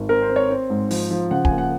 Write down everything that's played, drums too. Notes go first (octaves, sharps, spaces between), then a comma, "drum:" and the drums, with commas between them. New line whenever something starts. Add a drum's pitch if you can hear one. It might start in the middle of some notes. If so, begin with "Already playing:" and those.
Already playing: G#1
C4 A#4
C5
C4
C#5
C4
G#2
F3, drum: open hi-hat
F3
C#3 F#5
G#5, drum: kick
A#3
F#5